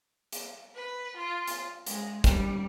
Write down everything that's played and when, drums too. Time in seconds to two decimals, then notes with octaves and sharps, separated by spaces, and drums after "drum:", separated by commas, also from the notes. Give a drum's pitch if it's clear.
0.32 drum: hi-hat
0.76 B4
1.16 F4
1.47 drum: hi-hat
1.87 G#3, drum: hi-hat
2.24 G3, drum: kick, hi-hat